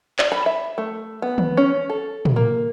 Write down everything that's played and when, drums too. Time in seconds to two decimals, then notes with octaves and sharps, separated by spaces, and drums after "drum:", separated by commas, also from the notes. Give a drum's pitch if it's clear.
0.19 D5, drum: clap
0.32 B5
0.46 E5
0.78 A3
1.22 B3
1.38 drum: tom
1.57 C#4
1.90 A4
2.25 drum: tom
2.36 A#3